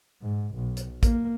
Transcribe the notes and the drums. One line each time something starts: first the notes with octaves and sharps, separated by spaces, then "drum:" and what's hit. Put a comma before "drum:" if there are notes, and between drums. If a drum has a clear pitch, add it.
G#2
B1
drum: hi-hat
A#3, drum: kick, hi-hat